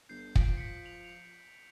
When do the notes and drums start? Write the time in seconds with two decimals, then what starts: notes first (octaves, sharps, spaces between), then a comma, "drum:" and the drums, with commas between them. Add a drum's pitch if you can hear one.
0.09 G1 G6 C7
0.36 F3 B6 D7 F#7, drum: kick
0.57 B6 C#7
0.85 F7 F#7
1.05 F7